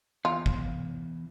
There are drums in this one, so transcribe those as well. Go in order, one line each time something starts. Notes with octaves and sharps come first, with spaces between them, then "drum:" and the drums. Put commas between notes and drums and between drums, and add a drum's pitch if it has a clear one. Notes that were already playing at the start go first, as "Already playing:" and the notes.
E2 F4
drum: kick